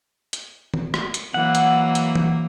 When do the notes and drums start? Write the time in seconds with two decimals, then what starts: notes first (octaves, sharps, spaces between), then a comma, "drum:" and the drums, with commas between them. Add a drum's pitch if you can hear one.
0.33 drum: hi-hat
0.74 drum: tom D#3
0.94 drum: rim click
1.14 drum: hi-hat
1.34 E3 F#3 A#3 F#5
1.55 drum: hi-hat
1.95 drum: hi-hat
2.15 drum: tom E3